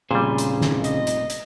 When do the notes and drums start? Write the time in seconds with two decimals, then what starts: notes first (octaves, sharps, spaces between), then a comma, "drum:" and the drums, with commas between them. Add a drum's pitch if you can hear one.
0.11 F1 A#2 C#3 G3 G#4 C5
0.38 drum: hi-hat
0.61 drum: snare
0.84 D#5, drum: hi-hat
1.07 drum: hi-hat
1.30 drum: hi-hat